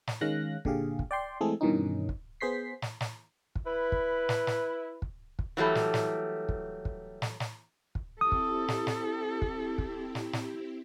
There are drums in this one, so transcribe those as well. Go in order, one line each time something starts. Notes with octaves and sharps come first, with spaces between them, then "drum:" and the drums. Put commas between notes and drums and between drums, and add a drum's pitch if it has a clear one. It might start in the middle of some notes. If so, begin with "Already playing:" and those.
drum: snare
D#3 G#3 C#4 F5 F#6 A#6
A#2 D3 G4 G#4 F5, drum: kick
drum: kick
D5 G5 C6
E3 G#3 A3 C4 G#4 A4
G2 B2 D#3 E3 C#4 D#4
drum: kick
B3 G#4 C5 C6 B6 C7
drum: snare
drum: snare
drum: kick
E4 B4
drum: kick
drum: snare
drum: snare
drum: kick
drum: kick
E3 F#3 G3 A3
drum: snare
drum: snare
drum: kick
drum: kick
drum: snare
drum: snare
drum: kick
C4 E4 G4 A4 D#6
drum: kick
drum: snare
drum: snare
drum: kick
drum: kick
drum: snare
drum: snare